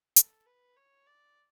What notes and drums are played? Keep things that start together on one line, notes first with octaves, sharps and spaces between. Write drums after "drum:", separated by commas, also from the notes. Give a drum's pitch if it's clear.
A4, drum: hi-hat
B4
C#5
D5